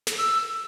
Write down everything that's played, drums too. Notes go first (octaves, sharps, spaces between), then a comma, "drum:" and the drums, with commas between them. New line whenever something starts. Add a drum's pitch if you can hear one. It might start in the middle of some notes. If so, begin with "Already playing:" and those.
drum: snare
E6